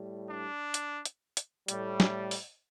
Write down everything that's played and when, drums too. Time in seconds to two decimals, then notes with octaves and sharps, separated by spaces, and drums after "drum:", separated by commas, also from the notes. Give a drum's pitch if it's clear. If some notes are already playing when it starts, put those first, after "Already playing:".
Already playing: A2 G3
0.27 D4
0.74 drum: hi-hat
1.06 drum: hi-hat
1.37 drum: hi-hat
1.68 A2 G3, drum: hi-hat
2.00 drum: snare
2.31 drum: open hi-hat